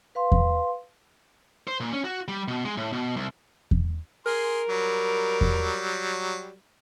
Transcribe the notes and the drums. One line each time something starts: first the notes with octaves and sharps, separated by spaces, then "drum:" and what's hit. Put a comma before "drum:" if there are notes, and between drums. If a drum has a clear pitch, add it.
B4 F5 C6
drum: kick E2
C5
A#2
C#4
F#4
G3
B2
G#3
A2
B2
C2
drum: kick E2
G#4 A#4 C6
F#3 G3
drum: kick E2